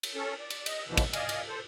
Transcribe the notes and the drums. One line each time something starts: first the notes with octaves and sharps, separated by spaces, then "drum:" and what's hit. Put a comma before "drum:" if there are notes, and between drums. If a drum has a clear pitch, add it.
drum: cymbal
C#4 A4
D5
drum: cymbal
D#5, drum: cymbal
D#2 B2 D3 E3 F3
drum: kick, cymbal
D5 D#5 F5 G#5, drum: cymbal
drum: cymbal
A4 C5